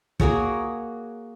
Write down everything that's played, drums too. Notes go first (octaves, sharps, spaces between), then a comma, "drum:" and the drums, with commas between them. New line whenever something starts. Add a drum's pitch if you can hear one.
A#3 F#4 G#4 C#5, drum: kick